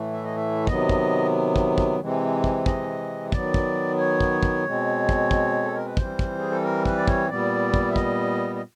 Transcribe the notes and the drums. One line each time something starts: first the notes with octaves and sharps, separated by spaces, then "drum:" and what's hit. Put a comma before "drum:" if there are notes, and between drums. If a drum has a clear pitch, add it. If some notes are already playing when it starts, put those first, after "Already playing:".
Already playing: A2 E3 A3
E5
D#5
E5
C3 D#3 F#3 B3 D#5, drum: kick
drum: kick
drum: kick
drum: kick
C3 E3 G#3 C4
drum: kick
D#5, drum: kick
D#3 F#3 B3 D5, drum: kick
drum: kick
C#5
drum: kick
drum: kick
B2 G#3 C4
drum: kick
drum: kick
A4
A#4
B4
E3 G3 C4 C5, drum: kick
drum: kick
G#4
A4
A#4
B4, drum: kick
D5
C#5, drum: kick
A#2 G3 B3 D5
drum: kick
E5
D#5, drum: kick
D#5